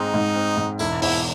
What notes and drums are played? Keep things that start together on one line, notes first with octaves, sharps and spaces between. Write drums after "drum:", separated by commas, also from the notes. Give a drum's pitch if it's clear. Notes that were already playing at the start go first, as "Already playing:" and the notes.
Already playing: G#2 G#3 C4 D#4
G#2
C4
G#2
E1 E4, drum: tambourine
E2 E4, drum: open hi-hat